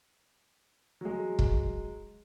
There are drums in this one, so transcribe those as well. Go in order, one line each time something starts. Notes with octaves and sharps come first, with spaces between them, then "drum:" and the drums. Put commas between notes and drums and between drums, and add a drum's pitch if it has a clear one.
F#3 G#3
drum: kick